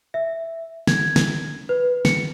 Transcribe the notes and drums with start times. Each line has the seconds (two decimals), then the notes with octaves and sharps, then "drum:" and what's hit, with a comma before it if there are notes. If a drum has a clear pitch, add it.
0.14 E5
0.87 G#6, drum: snare
1.16 drum: snare
1.69 B4
2.05 C#7, drum: snare